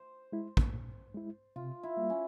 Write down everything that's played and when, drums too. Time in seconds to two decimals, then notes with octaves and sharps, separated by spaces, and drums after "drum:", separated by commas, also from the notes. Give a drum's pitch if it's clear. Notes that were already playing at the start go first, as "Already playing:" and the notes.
Already playing: C5
0.32 G#3 E4
0.57 drum: kick
0.73 A#2
1.14 G#3 E4
1.56 C3 F4
1.83 E4
1.97 G3 A#3
2.10 C#4